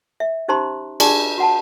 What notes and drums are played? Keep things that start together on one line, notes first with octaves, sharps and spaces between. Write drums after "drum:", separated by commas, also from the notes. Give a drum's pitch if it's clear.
E5
C#4 D#4 G4 C5 A#5 C6
D4 G4 G#4 D5 A5, drum: cymbal
F#4 F#5 A5